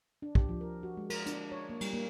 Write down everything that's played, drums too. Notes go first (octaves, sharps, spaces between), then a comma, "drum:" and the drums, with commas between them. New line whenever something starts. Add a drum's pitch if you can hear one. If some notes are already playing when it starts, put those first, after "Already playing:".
D4
G4, drum: kick
F3
A#4
F#4
G#3
A#4, drum: cymbal
D4, drum: hi-hat
C#5
A#3
G3, drum: cymbal
A#3